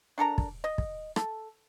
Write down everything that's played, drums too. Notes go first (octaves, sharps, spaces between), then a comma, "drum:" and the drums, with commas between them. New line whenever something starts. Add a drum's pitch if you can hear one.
D4 A4 A#4 A#5
drum: kick
D#5
drum: kick
A4, drum: rim click